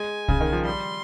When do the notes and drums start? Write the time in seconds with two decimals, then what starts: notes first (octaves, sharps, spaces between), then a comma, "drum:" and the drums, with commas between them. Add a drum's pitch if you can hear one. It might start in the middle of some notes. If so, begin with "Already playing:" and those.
Already playing: G#3 G#5
0.28 C#3, drum: kick
0.41 D#3
0.53 F3
0.65 G3 C6